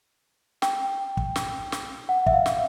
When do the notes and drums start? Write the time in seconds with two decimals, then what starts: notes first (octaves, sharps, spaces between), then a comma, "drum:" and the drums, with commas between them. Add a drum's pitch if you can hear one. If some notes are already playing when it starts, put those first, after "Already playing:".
0.62 G5, drum: snare
1.17 drum: kick
1.36 drum: snare
1.72 drum: snare
2.09 F#5
2.26 E5, drum: kick
2.33 F5
2.46 drum: snare